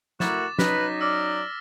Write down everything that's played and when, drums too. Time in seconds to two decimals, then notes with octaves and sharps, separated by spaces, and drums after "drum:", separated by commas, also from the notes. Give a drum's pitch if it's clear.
0.20 A3 E4 F#4 A#4 D6 A6 E7, drum: snare
0.59 F#3 C#4 D#4 B4 F#6 A#6 B6, drum: snare
1.01 D5 E6 F6 A#6